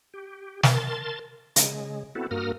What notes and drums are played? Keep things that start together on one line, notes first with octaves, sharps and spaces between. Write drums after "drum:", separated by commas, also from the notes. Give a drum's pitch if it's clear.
G4
A#4 A5 C6 A6, drum: snare
C#3 G#3, drum: hi-hat
B3 C4 E4 F#4 A4
G2 A#3 F#4 A#4 D#6 F6